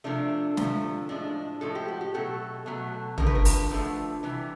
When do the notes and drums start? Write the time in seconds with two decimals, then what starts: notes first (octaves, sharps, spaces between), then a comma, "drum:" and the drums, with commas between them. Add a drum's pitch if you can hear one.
0.04 C3 F3 A3 D4
0.57 C3 F3 A3, drum: snare
1.09 A2 F3 G#3 D4
1.61 A2 F3 G#3 A4
1.75 G4
1.88 F#4
2.01 G4
2.14 B2 F#3 A3 A4
2.66 B2 F#3 A3
3.18 D3 F3 A3 A#4, drum: tom
3.27 B4
3.35 A#4
3.45 B4, drum: open hi-hat
3.71 D3 F3 A3
4.23 C3 E3 G3